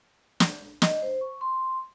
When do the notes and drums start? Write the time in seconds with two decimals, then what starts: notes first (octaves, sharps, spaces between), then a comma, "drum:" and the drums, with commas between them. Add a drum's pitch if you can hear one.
0.40 drum: snare
0.82 D#5, drum: snare
1.02 C5
1.21 C#6
1.41 C6